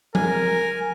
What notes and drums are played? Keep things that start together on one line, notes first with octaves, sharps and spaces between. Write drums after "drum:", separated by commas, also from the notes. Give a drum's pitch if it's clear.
A#4 G#5, drum: tom F3